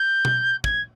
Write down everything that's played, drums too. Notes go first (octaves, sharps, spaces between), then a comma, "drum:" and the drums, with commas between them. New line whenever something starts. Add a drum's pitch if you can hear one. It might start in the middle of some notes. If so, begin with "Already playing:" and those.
Already playing: G6
drum: tom B2
G#6, drum: kick